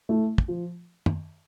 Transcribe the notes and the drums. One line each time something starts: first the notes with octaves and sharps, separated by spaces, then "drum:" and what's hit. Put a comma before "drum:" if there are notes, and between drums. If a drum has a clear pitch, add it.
A3 E4
drum: kick
F3
drum: tom F#2